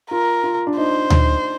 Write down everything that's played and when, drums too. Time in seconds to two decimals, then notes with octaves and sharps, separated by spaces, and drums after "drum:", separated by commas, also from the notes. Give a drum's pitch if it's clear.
0.11 F4 A#4
0.44 F4
0.67 D4
0.77 D#4 C5
1.10 D#4, drum: tom D2